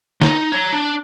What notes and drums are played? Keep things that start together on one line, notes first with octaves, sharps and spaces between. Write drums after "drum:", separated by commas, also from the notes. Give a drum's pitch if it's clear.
D#4, drum: snare
C#5 A#5
D4